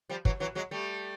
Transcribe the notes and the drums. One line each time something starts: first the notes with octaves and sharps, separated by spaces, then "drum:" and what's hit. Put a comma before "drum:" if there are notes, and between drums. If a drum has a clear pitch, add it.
F3 G3
E3 F#3, drum: kick
E3 F#3
F#3 G#3
G3 A3